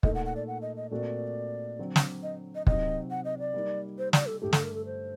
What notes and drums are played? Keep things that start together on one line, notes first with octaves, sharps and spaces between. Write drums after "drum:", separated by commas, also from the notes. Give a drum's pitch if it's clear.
A#2 A3 D#4 A4 D#5, drum: kick
F#5
F#5
D5
F#5
D#5
D#5
A#2 A3 C4 F#4 A#4 D5
D3 F#3 C4
drum: snare
D#5
D#5
C3 F#3 C4 D#4 D#5, drum: kick
F#5
D#5
D5
G3 A#3 D#4
C5
D5, drum: snare
A4
G2 D3 A3 G4
A4, drum: snare
A#4
A4
C5